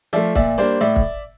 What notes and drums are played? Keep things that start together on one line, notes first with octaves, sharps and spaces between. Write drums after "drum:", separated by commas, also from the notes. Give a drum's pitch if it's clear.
F3 A3 D5 E5
A#2 D5 E5, drum: kick
G3 A#3 D4 C5 D5
A2 D5 E5
drum: kick